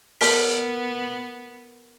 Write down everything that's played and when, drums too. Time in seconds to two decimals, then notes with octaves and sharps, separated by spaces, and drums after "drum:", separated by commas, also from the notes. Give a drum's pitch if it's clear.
0.21 B3 A#4 B6, drum: open hi-hat